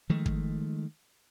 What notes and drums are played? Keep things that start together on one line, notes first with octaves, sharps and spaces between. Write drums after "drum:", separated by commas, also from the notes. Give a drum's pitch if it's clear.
D#3 F3 G#3 A3
drum: kick